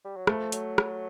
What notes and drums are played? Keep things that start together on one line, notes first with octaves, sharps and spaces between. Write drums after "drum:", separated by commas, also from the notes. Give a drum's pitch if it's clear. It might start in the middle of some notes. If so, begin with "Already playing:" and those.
G3
F#3
F3 A3, drum: rim click
F#3, drum: hi-hat
drum: rim click